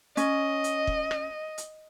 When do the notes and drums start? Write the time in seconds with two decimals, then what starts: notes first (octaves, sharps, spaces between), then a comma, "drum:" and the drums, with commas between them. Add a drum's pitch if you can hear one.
0.17 C#4 D#5, drum: hi-hat
0.64 drum: hi-hat
0.87 drum: kick
1.11 drum: rim click
1.58 drum: hi-hat